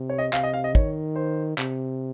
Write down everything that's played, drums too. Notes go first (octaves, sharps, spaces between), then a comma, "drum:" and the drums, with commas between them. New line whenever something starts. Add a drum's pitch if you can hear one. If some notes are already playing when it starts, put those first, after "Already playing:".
Already playing: C3
C#5
D#5
C3 F5, drum: clap
D#5
F5
D#5
D#3 C#5, drum: kick
C5
C3, drum: clap